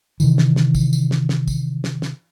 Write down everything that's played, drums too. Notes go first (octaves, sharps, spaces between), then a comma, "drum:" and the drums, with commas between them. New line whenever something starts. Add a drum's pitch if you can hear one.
C3 D#3 E3, drum: tambourine
drum: snare
drum: snare
drum: kick, tambourine
drum: tambourine
drum: snare
drum: snare
drum: kick, tambourine
drum: snare
drum: snare